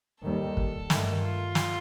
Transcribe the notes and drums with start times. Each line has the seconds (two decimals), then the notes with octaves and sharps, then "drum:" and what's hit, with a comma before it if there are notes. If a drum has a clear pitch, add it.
0.24 D#2 D#3 G3 A4
0.57 drum: kick
0.90 G2 D#3 A3, drum: snare
1.22 F4
1.55 drum: snare